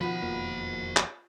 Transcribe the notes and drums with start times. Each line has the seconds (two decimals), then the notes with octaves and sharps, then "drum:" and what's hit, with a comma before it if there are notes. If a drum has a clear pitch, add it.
0.01 B2 D#3 F3 F4 C5 B5
0.22 E1 F2 A#3 B4
0.97 drum: clap